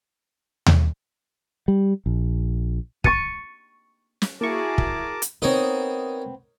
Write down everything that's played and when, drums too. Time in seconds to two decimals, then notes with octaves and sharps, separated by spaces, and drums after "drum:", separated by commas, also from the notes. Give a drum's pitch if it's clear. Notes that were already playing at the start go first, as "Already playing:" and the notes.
0.66 drum: tom D#2
1.68 G3
2.06 A#1
3.04 C#6 A6 C#7 D#7, drum: kick
4.22 drum: snare
4.41 A#3 E4 F#4 G#4 A#4 A5 C#6 D6
4.78 drum: kick
5.22 drum: hi-hat
5.42 B3 C4 D#4 A#4 C#5